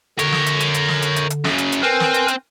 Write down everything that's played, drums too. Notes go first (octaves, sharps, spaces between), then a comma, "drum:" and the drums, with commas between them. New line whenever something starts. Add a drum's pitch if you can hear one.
D3 A#4 C#5, drum: hi-hat
drum: snare
drum: hi-hat
drum: hi-hat
drum: hi-hat
drum: snare
drum: hi-hat
drum: hi-hat
drum: hi-hat
F#2 C#3, drum: snare
drum: hi-hat
drum: hi-hat
C4 A#4 B4 G#5
drum: snare
drum: hi-hat
drum: hi-hat